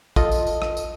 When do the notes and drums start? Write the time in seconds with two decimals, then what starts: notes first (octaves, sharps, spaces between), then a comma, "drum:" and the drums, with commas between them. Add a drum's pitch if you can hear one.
0.16 F4 A4 D#5, drum: kick, tambourine
0.31 drum: tambourine
0.47 drum: tambourine
0.62 drum: rim click
0.77 drum: tambourine